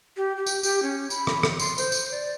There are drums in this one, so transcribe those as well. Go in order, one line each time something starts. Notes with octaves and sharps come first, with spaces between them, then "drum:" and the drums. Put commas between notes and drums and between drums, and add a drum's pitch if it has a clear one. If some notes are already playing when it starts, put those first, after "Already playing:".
G4
G4
drum: tambourine
G4, drum: tambourine
C#4
B5, drum: tambourine
drum: rim click
drum: rim click
C6, drum: tambourine
C5, drum: tambourine
drum: tambourine
D5